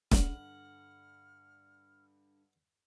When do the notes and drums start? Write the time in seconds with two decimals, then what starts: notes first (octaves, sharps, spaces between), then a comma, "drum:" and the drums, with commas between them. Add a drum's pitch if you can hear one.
0.11 G2 D3 F#5 F6, drum: snare